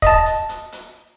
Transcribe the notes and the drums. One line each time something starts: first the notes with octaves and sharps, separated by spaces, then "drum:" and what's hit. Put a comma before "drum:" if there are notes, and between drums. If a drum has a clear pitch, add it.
D#5 A5, drum: kick, hi-hat
drum: hi-hat
drum: hi-hat
drum: hi-hat